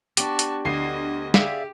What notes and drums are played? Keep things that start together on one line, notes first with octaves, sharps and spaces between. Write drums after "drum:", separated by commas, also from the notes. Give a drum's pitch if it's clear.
B3 D4 F#4 G4 A5, drum: hi-hat
drum: hi-hat
D2 D#5 C7
G4 G#4 D5 E5 F5, drum: snare